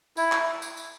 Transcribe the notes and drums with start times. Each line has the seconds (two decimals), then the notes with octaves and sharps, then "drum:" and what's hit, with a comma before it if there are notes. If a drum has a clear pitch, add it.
0.17 E4, drum: tambourine
0.32 drum: clap
0.62 drum: tambourine
0.77 drum: tambourine